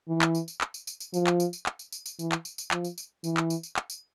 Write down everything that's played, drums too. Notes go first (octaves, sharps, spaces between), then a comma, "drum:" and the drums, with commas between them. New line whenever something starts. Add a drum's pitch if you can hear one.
E3
drum: clap
drum: tambourine
drum: tambourine
drum: clap
drum: tambourine
drum: tambourine
drum: tambourine
F3, drum: tambourine
drum: clap
drum: tambourine
drum: tambourine
drum: clap
drum: tambourine
drum: tambourine
drum: tambourine
E3, drum: tambourine
drum: clap
drum: tambourine
drum: tambourine
F3, drum: clap
drum: tambourine
drum: tambourine
E3, drum: tambourine
drum: clap
drum: tambourine
drum: tambourine
drum: clap
drum: tambourine